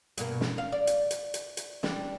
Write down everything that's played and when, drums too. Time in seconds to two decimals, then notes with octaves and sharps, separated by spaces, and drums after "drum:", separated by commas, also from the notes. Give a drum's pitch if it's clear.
0.17 G2 B2 A#3, drum: hi-hat
0.41 drum: snare
0.58 F5
0.72 D5
0.87 drum: hi-hat
1.11 drum: hi-hat
1.34 drum: hi-hat
1.57 drum: hi-hat
1.83 G3 D4, drum: snare